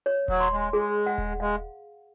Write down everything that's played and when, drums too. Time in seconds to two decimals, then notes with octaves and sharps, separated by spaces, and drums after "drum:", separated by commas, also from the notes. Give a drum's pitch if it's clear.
0.06 C#5
0.28 F#3, drum: kick D#1
0.40 C6
0.52 G#3
0.73 G#3 G#4
1.06 F#5
1.18 drum: kick D#1
1.40 G#3 F5